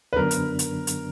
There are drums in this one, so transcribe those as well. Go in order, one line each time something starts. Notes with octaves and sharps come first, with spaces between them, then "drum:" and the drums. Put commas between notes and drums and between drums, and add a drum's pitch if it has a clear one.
B4
F#2 D3 F#3 B3 D4 A#4
drum: hi-hat
drum: hi-hat
drum: hi-hat